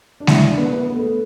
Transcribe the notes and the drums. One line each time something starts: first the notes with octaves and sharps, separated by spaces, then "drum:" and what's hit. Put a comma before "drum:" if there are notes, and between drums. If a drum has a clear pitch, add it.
D4
E4, drum: snare G#3
D4
B3
B3
B3
A3